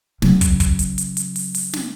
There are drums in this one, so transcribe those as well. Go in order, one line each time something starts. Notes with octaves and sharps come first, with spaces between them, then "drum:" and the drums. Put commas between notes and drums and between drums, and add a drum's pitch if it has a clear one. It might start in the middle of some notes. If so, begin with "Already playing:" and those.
C#3 F#3, drum: snare
drum: kick, hi-hat
drum: kick, hi-hat
drum: hi-hat
drum: hi-hat
drum: hi-hat
drum: open hi-hat
drum: open hi-hat
drum: snare